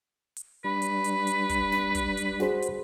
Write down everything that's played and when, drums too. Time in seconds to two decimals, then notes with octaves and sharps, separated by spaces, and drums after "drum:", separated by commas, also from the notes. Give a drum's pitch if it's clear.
0.36 drum: hi-hat
0.64 G3 D4 B4 B5
0.82 drum: hi-hat
1.04 drum: hi-hat
1.27 drum: hi-hat
1.49 drum: kick, hi-hat
1.72 drum: snare
1.95 drum: kick, hi-hat
2.17 drum: hi-hat
2.40 F#4 G#4 C5, drum: snare
2.62 drum: hi-hat